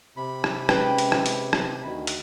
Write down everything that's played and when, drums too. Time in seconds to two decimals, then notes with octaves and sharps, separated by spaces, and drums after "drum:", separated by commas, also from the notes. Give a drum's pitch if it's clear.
0.17 C3 B5
0.44 drum: rim click
0.69 G#3 C#4 B4 G5, drum: rim click
0.98 drum: hi-hat
1.12 drum: rim click
1.26 drum: hi-hat
1.53 drum: rim click
1.85 D2 D#3 F#4
2.07 drum: hi-hat